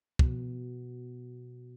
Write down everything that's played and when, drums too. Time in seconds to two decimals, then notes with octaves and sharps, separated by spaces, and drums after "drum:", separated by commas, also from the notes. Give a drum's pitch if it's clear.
0.19 B2, drum: kick